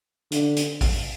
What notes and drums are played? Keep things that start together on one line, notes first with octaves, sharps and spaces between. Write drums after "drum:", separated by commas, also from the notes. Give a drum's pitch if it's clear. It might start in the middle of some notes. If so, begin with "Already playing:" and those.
D3, drum: hi-hat
drum: hi-hat
drum: kick A1, open hi-hat